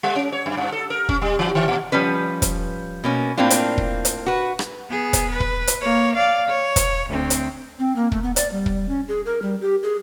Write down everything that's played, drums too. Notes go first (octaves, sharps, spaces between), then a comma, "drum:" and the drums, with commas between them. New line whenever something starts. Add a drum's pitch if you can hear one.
G3
C#4
C#5
F#2
G2
A4
A#4
C#4, drum: kick
G3
E3
D#3
A#2
F3 G3 C#4 B4
drum: kick, hi-hat
B2 A#3 C#4
A2 A#3 C4 D4 F4
drum: hi-hat
drum: kick
drum: hi-hat
F#4 B4
drum: rim click
B3 G#4
drum: kick, hi-hat
B4
drum: kick
drum: hi-hat
A#3 C#5
D5 F5
C#5
drum: kick, hi-hat
D2 C4
drum: hi-hat
C4
A#3
A3, drum: kick
B3
D5, drum: hi-hat
G3
drum: kick
C#4
G#4
A#4
G3
G4
G#4